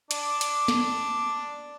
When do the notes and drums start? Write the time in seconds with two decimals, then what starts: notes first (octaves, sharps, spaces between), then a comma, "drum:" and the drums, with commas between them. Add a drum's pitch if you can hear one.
0.11 D4 D6, drum: hi-hat
0.41 drum: hi-hat
0.68 drum: snare